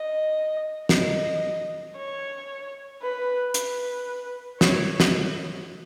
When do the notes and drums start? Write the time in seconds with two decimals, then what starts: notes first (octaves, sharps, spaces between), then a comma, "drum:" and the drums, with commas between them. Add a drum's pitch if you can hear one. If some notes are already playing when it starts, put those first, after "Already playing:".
Already playing: D#5
0.89 D#5, drum: snare
1.96 C#5
3.02 B4
3.54 B4, drum: hi-hat
4.61 C#5, drum: snare
5.00 drum: snare